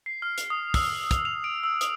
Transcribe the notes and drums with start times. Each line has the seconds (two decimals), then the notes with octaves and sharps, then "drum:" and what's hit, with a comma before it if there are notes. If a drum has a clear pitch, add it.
0.06 C7
0.22 F6
0.38 drum: hi-hat
0.50 D#6
0.74 E6, drum: kick, open hi-hat
1.11 F7, drum: kick, hi-hat
1.25 F7
1.44 D7
1.63 E6
1.81 D#6, drum: hi-hat